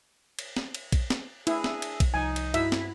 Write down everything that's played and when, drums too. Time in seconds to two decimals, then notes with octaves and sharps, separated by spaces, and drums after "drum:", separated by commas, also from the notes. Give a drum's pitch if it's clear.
0.39 drum: cymbal
0.57 drum: snare
0.74 drum: cymbal
0.92 drum: kick A#1, cymbal
1.10 drum: snare
1.47 D4 E4 G#4 E5, drum: cymbal
1.64 drum: snare
1.82 drum: cymbal
2.00 drum: kick A#1, cymbal
2.14 C2 F3 D#4 G#5
2.36 drum: cymbal
2.54 G2 E4 F#4 E5 B6, drum: cymbal
2.72 drum: snare